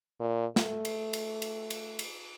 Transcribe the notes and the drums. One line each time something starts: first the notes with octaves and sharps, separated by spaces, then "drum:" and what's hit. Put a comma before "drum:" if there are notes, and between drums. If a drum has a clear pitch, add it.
A#2
A3, drum: snare
drum: cymbal
drum: cymbal
drum: cymbal
drum: cymbal
drum: cymbal